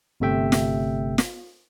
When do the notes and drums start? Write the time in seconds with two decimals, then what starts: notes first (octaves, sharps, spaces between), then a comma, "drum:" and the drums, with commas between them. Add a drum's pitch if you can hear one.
0.20 G1 C3 A3 E5 G5
0.52 drum: snare
1.18 drum: snare